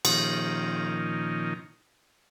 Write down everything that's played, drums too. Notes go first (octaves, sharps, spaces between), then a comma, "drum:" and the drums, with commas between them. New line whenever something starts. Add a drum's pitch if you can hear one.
A#2 D#3 F3 C#4 D#4, drum: cymbal